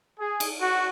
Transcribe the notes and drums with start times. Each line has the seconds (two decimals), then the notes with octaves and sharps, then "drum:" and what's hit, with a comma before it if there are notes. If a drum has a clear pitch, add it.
0.20 G#4
0.40 drum: cymbal
0.61 F#4